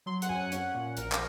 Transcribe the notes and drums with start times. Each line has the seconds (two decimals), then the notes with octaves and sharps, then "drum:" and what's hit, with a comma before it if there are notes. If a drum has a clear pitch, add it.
0.06 F#3 C6
0.22 F#5, drum: hi-hat
0.29 F#2 G#5
0.40 F#5
0.52 C#4, drum: hi-hat
0.74 A#2
0.97 A#1 A#4, drum: hi-hat
1.12 drum: clap